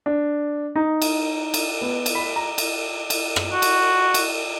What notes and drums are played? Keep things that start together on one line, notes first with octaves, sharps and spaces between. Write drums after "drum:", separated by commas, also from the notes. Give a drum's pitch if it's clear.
D4
D#4
drum: cymbal
drum: cymbal
B3
drum: cymbal
B5
A#5
drum: cymbal
drum: cymbal
drum: rim click
F#4
drum: cymbal
drum: cymbal